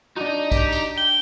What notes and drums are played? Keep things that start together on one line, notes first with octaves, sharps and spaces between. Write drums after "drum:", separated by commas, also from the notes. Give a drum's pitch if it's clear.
D4 D#4 F#4 D#5
G4, drum: kick, tambourine
drum: tambourine
G5 G7